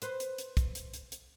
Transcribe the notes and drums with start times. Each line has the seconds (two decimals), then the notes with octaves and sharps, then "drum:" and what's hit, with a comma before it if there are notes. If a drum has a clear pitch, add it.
0.02 B4 C5, drum: hi-hat
0.20 drum: hi-hat
0.38 drum: hi-hat
0.57 drum: kick, hi-hat
0.75 drum: hi-hat
0.94 drum: hi-hat
1.12 drum: hi-hat